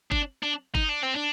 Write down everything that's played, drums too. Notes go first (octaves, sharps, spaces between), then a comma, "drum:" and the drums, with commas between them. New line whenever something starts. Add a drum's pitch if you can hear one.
D4, drum: kick G1
D4
D#4, drum: kick G1
D4
C4
D4